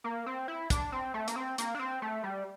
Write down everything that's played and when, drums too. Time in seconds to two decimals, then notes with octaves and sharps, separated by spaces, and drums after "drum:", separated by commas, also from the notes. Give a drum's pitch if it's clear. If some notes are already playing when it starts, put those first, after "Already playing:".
0.04 A#3
0.26 C4
0.48 E4
0.70 D4, drum: kick, hi-hat
0.92 C4
1.14 A3
1.28 A#3, drum: hi-hat
1.36 C4
1.58 A#3, drum: hi-hat
1.75 D4
1.79 C4
2.02 A3
2.24 G3